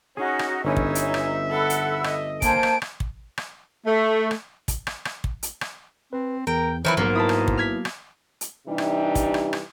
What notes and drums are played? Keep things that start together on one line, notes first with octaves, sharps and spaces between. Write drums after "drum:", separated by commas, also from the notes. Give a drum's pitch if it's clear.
C#4 D#4 F#4 G#4
drum: rim click
G1 C#4 D#4 E4 C#5 E5 G#5
drum: kick
drum: hi-hat
drum: rim click
A4 F#5 B5 E6
drum: hi-hat
D#5, drum: rim click
A#3 C5 G#5 A5 D7, drum: kick, hi-hat
drum: rim click
drum: rim click
drum: kick
drum: rim click
A3
drum: rim click
drum: kick, hi-hat
drum: rim click
drum: rim click
drum: kick
drum: hi-hat
drum: rim click
C4 B4
E2 A#4 G5
D#3 E3 F#3 E4 C5 E5
A#1 G#2 F#3 A#3 B3 A#4
E4 B4 A5 B5 D#6
drum: rim click
drum: kick
F6 G#6 B6
drum: rim click
drum: hi-hat
C3 E3 G3 D4 D#4
drum: rim click
drum: kick, hi-hat
drum: rim click
drum: rim click